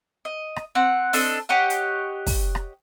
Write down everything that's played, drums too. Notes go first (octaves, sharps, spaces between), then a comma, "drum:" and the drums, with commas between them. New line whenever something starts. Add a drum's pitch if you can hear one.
D#5
drum: rim click
C4 F#5
C4 D4 A4 D#5, drum: open hi-hat
G4 C#5 D#5 F#5
drum: hi-hat
drum: kick, open hi-hat
drum: rim click